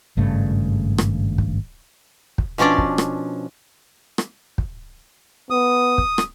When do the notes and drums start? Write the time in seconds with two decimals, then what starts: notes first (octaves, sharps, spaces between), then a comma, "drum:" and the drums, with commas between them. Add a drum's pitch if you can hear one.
0.17 G#1 G2 C#3 A3
0.98 drum: rim click
1.38 drum: kick
2.38 drum: kick
2.58 B2 F3 C#4 D4 D5
2.78 drum: kick
2.98 drum: rim click
4.18 drum: rim click
4.58 drum: kick
5.50 B3 D#6
5.98 drum: kick
6.18 drum: rim click